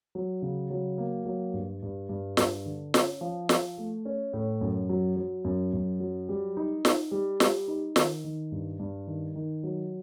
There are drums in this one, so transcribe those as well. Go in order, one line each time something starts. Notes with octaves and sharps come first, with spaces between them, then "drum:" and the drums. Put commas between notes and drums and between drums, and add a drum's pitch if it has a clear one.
F#3
C#3
F#3
A#3
F#3
G2
G2
G2
G2, drum: snare
D3
C#4, drum: snare
F3
F3, drum: snare
A3
C#4
A2
F#2
F#3
F#3
F#2
F#2
F#3
G3
D#4
D#4, drum: snare
G3
G3, drum: snare
D#4
D#3, drum: snare
D#3
G2
G2
D#3
D#3
F#3